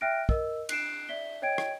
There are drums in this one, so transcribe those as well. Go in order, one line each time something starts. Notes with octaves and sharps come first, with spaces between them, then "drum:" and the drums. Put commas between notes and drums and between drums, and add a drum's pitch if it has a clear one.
E5 G5 F6 F#6 A#6 D7
A#4 D#5 E6, drum: kick
F#6 C7 D7 E7, drum: cymbal
D5 E5 B6 G7
C#5 D#5 G5 G#6 D7
drum: rim click